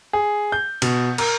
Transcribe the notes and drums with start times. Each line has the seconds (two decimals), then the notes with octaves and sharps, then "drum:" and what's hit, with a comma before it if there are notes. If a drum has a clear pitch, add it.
0.13 G#4
0.52 G6
0.82 B2, drum: cymbal
1.18 A#4, drum: cymbal